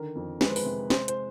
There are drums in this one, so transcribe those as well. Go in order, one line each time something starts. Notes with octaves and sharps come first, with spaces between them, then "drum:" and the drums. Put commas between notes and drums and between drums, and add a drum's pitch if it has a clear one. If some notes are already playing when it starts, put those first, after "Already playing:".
Already playing: D3 D#3 A#4
F2
G#3 B4, drum: snare
C5
B4, drum: open hi-hat
C3
G#3 C5, drum: snare
C5, drum: hi-hat